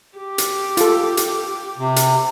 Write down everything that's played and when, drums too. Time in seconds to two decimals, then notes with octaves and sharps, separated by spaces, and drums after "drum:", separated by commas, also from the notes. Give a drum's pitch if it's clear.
0.18 G4
0.38 drum: hi-hat
0.77 F4 A4, drum: hi-hat
1.17 drum: hi-hat
1.78 C3
1.96 drum: hi-hat